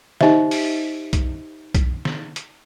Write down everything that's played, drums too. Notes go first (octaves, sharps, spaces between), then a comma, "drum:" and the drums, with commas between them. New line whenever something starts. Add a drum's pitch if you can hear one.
D#4 G4 C5 D#5 E5, drum: snare
drum: open hi-hat
drum: kick B1, hi-hat
drum: kick B1, hi-hat
drum: snare
drum: hi-hat